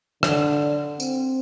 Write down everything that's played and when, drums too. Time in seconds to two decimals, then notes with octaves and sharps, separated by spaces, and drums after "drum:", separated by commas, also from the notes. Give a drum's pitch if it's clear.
0.23 D3, drum: rim click
1.00 C4, drum: tambourine